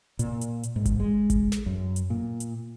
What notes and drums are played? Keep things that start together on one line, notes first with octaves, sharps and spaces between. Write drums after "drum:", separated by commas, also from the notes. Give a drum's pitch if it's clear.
A#2, drum: hi-hat
drum: hi-hat
drum: hi-hat
G#2
drum: kick G1, hi-hat
G#3
drum: kick G1, hi-hat
drum: snare
F#2
drum: hi-hat
A#2
drum: hi-hat